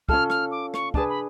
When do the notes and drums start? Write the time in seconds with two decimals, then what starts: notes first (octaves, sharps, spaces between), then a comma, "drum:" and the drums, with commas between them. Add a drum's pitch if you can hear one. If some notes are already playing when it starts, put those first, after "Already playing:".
0.09 C#4 F4 A4 F6, drum: kick
0.30 F6, drum: rim click
0.51 D6
0.74 C#6, drum: rim click
0.94 D4 G#4 B4 A5, drum: kick
1.09 B5